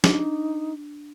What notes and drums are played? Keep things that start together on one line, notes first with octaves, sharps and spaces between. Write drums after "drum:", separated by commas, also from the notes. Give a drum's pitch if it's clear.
D4 D#4, drum: snare